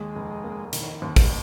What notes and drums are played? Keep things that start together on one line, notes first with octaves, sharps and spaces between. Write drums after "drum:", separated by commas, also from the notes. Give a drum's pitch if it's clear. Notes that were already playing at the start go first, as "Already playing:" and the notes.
Already playing: D#2 G#3
F1
A#3
D#3, drum: hi-hat
D#2
drum: kick, open hi-hat